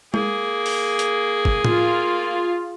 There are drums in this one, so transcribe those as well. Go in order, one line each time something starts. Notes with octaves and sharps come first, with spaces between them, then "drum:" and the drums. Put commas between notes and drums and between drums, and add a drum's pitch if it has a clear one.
A#3 G#4, drum: tom G#3
drum: open hi-hat
drum: hi-hat
drum: kick
A#3 F4, drum: tom A2